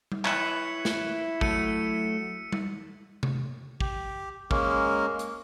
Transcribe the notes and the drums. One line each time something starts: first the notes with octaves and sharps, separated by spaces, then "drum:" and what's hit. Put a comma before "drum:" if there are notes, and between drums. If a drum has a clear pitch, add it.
drum: tom G3
E4 B4 C#5 B6 C#7 E7, drum: clap
drum: snare
F#3 A3 E6 C#7 D#7, drum: kick
drum: tom G3
drum: tom C3
G4, drum: kick
G#3 A#3 C#4 A#4, drum: kick
drum: hi-hat